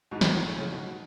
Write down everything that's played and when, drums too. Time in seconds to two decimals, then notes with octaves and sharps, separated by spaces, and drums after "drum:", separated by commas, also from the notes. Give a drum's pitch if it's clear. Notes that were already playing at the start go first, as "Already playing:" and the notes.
0.11 G#2 B2
0.21 drum: snare
0.31 F#2 A2
0.45 A2 C#3
0.58 A2 C#3
0.72 G#2 B2